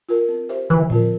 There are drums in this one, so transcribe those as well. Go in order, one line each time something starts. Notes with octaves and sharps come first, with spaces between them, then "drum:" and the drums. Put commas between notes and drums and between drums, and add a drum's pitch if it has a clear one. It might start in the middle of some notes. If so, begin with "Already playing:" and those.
F4 A#4
C4
G4 C5 E5
D3 E3
F3 C4 F4 A#4, drum: tom A2